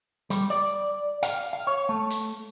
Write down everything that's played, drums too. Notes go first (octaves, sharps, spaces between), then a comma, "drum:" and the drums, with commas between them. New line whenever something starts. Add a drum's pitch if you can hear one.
G3, drum: hi-hat
D5
F5, drum: hi-hat
F5
C#5
A3
drum: hi-hat